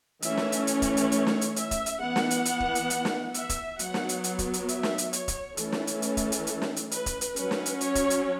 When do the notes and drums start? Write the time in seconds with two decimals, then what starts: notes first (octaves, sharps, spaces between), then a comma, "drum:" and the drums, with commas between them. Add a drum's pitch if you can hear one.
0.22 E3 A3 C#4 E5, drum: hi-hat
0.37 drum: snare
0.52 drum: hi-hat
0.67 C#5, drum: hi-hat
0.82 drum: kick, hi-hat
0.97 drum: hi-hat
1.12 drum: hi-hat
1.27 drum: snare
1.41 drum: hi-hat
1.56 E5, drum: hi-hat
1.71 drum: kick, hi-hat
1.86 drum: hi-hat
2.00 E3 B3 F#5
2.16 drum: snare
2.31 drum: hi-hat
2.45 drum: hi-hat
2.60 drum: kick
2.75 drum: hi-hat
2.90 drum: hi-hat
3.05 drum: snare
3.34 E5, drum: hi-hat
3.49 drum: kick, hi-hat
3.79 F#3 B3 F#5, drum: hi-hat
3.94 drum: snare
4.09 drum: hi-hat
4.24 drum: hi-hat
4.39 drum: kick, hi-hat
4.54 drum: hi-hat
4.69 E5, drum: hi-hat
4.83 drum: snare
4.98 drum: hi-hat
5.13 C#5, drum: hi-hat
5.28 drum: kick, hi-hat
5.57 E3 A3 C#4 A4, drum: hi-hat
5.72 drum: snare
5.87 drum: hi-hat
6.02 drum: hi-hat
6.17 drum: kick, hi-hat
6.32 drum: hi-hat
6.47 drum: hi-hat
6.62 drum: snare
6.76 drum: hi-hat
6.91 B4, drum: hi-hat
7.06 drum: kick, hi-hat
7.21 drum: hi-hat
7.36 F#3 C#4 B4, drum: hi-hat
7.51 drum: snare
7.66 drum: hi-hat
7.81 C#5, drum: hi-hat
7.95 drum: kick, hi-hat
8.10 drum: hi-hat